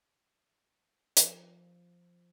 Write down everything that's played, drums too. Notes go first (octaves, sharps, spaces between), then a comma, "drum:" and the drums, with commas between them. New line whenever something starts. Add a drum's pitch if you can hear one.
F3, drum: hi-hat